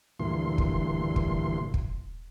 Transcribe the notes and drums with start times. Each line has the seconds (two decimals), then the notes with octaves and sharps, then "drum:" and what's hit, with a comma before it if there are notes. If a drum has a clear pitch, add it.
0.20 D2 G2 A#2 E3 C6
0.58 drum: kick
1.16 drum: kick
1.74 drum: kick